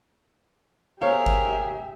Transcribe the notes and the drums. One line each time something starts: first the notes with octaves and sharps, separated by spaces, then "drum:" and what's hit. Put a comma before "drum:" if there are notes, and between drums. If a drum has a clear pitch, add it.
G4 G#4 A#4 C5 C#5 E5 F5
drum: kick G1